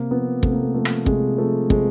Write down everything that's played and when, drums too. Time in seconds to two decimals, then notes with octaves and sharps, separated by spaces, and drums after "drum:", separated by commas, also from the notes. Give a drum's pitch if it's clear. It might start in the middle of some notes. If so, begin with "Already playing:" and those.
Already playing: C3 A#3
0.11 F3 B3
0.43 C3 A3, drum: kick
0.52 A#3
0.62 A3
0.74 F3 A3
0.85 drum: rim click
1.06 C3 G#3, drum: kick
1.38 F3 A3
1.70 C3 G#3, drum: kick